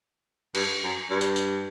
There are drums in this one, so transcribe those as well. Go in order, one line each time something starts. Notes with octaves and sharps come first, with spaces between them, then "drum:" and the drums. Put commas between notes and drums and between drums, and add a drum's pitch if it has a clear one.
G2, drum: cymbal
F#2
G2
drum: tambourine
drum: tambourine